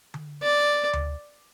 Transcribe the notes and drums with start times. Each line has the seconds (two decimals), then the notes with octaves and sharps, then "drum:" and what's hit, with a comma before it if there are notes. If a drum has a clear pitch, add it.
0.14 drum: tom D3
0.42 D5
0.93 drum: tom D2